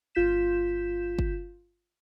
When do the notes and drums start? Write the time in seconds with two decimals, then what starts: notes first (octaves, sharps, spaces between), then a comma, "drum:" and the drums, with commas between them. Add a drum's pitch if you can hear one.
0.15 G1 F4 G6 B6 E7
1.19 drum: kick F#1